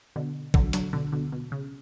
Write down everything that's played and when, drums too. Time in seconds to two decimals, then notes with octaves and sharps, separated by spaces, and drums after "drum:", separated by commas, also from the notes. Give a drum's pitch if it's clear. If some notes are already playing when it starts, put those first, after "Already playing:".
0.16 B2 D3
0.54 D3 F#3, drum: kick
0.73 D3 F#3, drum: hi-hat
0.93 B2 D3
1.12 B2 D3
1.32 B2
1.52 C#3